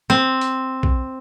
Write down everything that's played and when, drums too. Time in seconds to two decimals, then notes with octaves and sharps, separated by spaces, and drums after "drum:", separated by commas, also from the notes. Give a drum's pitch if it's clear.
0.10 C4
0.41 drum: hi-hat
0.83 drum: kick